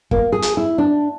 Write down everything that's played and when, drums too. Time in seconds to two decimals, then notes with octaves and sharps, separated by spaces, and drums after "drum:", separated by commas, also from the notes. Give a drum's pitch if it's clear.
0.11 A#3, drum: kick
0.32 G#4
0.42 drum: hi-hat
0.57 E4
0.78 D4